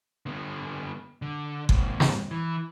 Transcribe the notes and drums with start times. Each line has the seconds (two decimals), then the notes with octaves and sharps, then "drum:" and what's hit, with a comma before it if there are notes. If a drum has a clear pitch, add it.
0.26 D3 B3
1.22 D3
1.69 D#2 G#2, drum: kick G1
2.00 drum: snare
2.31 E3